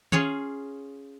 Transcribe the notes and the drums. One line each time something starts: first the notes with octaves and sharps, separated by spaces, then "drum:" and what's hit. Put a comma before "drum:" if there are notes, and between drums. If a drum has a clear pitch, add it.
C#4 F4 G#4 C#5, drum: tom D#3